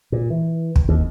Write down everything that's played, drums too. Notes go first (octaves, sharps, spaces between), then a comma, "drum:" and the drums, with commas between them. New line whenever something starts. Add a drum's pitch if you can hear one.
A#2
E3
drum: kick
D#2